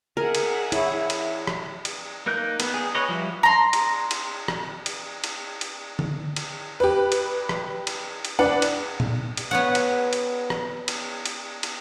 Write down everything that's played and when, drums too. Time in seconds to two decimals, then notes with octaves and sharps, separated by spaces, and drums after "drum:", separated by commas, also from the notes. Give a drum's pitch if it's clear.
0.17 G#4 A#4 E5 F#5
0.35 drum: cymbal
0.72 E4 C#5, drum: cymbal
1.10 drum: cymbal
1.47 drum: rim click
1.85 drum: cymbal
2.26 A#3 D#4 A#4 F#6 G6
2.60 B3, drum: cymbal
2.74 G#4
2.95 B4 C#5 D#5
3.09 F3 G3 E4 F#4
3.43 A#5 C6
3.73 drum: cymbal
4.11 drum: cymbal
4.48 drum: rim click
4.86 drum: cymbal
5.24 drum: cymbal
5.61 drum: cymbal
5.99 drum: tom D3
6.36 drum: cymbal
6.80 G4 B4
7.12 drum: cymbal
7.49 drum: rim click
7.87 drum: cymbal
8.25 drum: cymbal
8.39 D4 B4 D5 F#5
8.62 drum: cymbal
9.00 drum: tom A#2
9.37 drum: cymbal
9.51 B3 C#5 F#5
9.75 drum: cymbal
10.13 drum: cymbal
10.50 drum: rim click
10.88 drum: cymbal
11.26 drum: cymbal
11.63 drum: cymbal